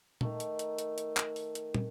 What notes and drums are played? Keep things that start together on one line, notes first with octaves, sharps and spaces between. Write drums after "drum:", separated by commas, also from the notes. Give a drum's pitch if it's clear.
D#3 A3 A#5, drum: tom A#2
drum: hi-hat
drum: hi-hat
drum: hi-hat
drum: hi-hat
drum: clap
drum: open hi-hat
drum: hi-hat
drum: tom